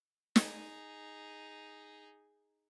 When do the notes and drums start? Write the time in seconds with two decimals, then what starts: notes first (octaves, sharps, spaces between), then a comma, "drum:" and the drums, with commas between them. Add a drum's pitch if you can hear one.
0.36 D#4 G#4, drum: snare